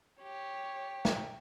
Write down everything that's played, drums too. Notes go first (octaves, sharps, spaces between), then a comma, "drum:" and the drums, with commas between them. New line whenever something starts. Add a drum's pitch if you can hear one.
G4 C#5
drum: snare